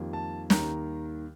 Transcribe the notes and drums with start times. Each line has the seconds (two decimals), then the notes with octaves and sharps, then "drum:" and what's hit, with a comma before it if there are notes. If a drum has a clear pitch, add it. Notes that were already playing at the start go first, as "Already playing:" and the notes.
Already playing: F2 D#3 G3 A#3
0.13 A5
0.50 D#2 D#3 G3 A#5, drum: snare